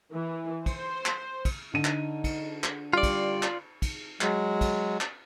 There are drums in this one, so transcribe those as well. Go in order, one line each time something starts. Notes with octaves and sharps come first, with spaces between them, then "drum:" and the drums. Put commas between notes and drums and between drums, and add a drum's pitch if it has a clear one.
E3
C5, drum: kick, cymbal
drum: clap
drum: kick, cymbal
D3 D#4 D#7
drum: clap
drum: kick, cymbal
drum: clap
G3 F4 D5
drum: kick, cymbal
drum: clap
drum: kick, cymbal
F#3 G#3, drum: clap
drum: kick, cymbal
drum: clap